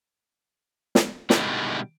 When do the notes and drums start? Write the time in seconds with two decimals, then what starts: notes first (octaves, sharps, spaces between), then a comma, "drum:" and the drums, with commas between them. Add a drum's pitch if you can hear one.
0.95 drum: snare
1.30 B2 D3 D#3 G3 G#3 E4, drum: snare